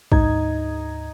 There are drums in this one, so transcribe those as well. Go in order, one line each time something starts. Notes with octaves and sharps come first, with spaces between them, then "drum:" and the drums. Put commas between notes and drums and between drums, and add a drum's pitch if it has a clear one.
D2 G#2 D#4 G#6, drum: kick A#1